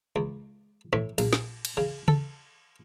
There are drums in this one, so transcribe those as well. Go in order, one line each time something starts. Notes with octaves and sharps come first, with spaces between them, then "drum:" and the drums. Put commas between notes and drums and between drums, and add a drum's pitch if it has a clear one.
C#2
A2, drum: rim click
A#1, drum: cymbal
drum: snare
drum: cymbal
C#3
A4, drum: tom C#3